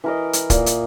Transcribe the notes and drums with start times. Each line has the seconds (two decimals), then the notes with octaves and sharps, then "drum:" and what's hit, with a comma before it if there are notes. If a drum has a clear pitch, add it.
0.04 E3 A#4 D#5
0.33 drum: hi-hat
0.50 A#2, drum: kick, hi-hat
0.66 drum: hi-hat